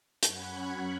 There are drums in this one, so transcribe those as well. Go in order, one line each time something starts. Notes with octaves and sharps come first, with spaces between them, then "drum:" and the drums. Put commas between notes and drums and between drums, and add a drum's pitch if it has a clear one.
F#2 C#4 F#5 B5 F#6 G#6, drum: hi-hat